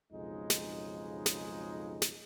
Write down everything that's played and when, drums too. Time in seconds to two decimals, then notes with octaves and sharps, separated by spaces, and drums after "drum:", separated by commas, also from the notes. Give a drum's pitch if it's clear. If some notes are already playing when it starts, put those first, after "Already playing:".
0.12 B1 F2 C#3 G#3 D#4
0.50 drum: snare
1.26 drum: snare
2.02 drum: snare